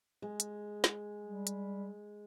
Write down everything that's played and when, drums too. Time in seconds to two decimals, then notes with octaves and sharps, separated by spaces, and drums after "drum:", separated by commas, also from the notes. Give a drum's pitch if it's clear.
0.22 G#3
0.40 drum: hi-hat
0.84 drum: snare
1.24 G3
1.47 drum: hi-hat